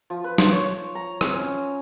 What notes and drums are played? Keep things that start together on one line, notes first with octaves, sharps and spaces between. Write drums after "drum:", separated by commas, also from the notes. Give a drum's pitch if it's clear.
F3
B4
C5, drum: snare
C#5
A#5
C4, drum: rim click
C#4